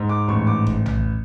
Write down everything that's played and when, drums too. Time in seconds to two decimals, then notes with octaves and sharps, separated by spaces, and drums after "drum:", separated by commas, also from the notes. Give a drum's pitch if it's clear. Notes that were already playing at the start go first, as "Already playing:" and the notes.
Already playing: G#2
0.09 D6
0.28 A1 C#6
0.47 D6
0.67 drum: kick G1
0.86 drum: tom A#1